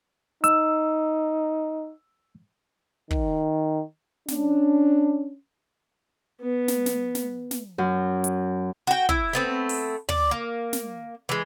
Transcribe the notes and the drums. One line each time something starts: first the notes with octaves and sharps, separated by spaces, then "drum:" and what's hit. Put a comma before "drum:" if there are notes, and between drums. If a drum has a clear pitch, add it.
D#4 E6, drum: hi-hat
D#3, drum: kick
C#4 D4, drum: snare
B3
drum: snare
drum: snare
drum: snare
drum: snare
F#2
drum: hi-hat
F#4 G5
E4, drum: kick
A3 B3 C4
drum: open hi-hat
D5, drum: tom
A#3
drum: snare
E3 G#3